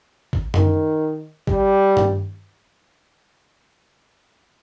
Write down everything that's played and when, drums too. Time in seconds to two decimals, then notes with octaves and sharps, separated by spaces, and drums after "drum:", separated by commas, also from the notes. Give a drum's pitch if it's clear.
0.33 drum: kick
0.54 D#3, drum: tom F#2
1.47 G3, drum: kick
1.97 drum: tom G2